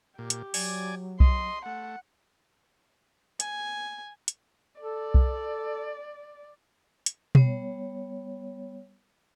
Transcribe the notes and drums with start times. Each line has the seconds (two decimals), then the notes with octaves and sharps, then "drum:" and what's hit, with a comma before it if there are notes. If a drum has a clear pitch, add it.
0.18 A#2 G4
0.30 drum: hi-hat
0.54 F#3 D5 G#5, drum: open hi-hat
1.20 D#5 C6, drum: kick B1
1.66 A3 F#5
3.40 G#5, drum: hi-hat
4.28 drum: hi-hat
4.80 A4 D5
5.14 drum: kick B1
7.06 drum: hi-hat
7.35 G3 B3 C#5, drum: tom B2